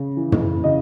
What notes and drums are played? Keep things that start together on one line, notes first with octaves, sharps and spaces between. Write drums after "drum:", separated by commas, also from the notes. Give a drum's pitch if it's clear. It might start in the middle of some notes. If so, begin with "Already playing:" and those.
Already playing: C#3
E3
drum: tom
C#3 D#5